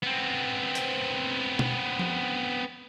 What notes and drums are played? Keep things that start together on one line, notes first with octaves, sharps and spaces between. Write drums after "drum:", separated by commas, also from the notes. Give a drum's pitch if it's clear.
B3 C4
drum: hi-hat
drum: tom B2
drum: tom F3